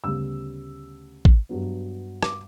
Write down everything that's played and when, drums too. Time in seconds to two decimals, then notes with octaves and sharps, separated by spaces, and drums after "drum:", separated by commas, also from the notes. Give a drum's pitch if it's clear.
0.04 D2 C#3 G3 B3 E6
1.25 drum: kick
1.49 G2 F#3 B3
2.23 D6, drum: rim click